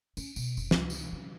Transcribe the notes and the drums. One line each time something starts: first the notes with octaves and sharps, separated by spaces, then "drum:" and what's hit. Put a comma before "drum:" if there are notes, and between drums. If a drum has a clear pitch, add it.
C#4, drum: tambourine
B2, drum: tambourine
F1 C#3, drum: tambourine
C#2 C3, drum: snare
drum: tambourine
C#3